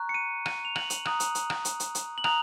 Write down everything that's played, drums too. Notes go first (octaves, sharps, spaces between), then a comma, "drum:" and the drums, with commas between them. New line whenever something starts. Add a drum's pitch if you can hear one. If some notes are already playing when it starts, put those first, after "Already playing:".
Already playing: A#5 C#6 F#6
C#7
D#7
D#7, drum: rim click
F7
F#7, drum: rim click
drum: hi-hat
A#5 D#6 F#6, drum: rim click
drum: hi-hat
drum: hi-hat
drum: rim click
drum: hi-hat
drum: hi-hat
drum: hi-hat
F#7
A#5 D#6 F#6 F7, drum: rim click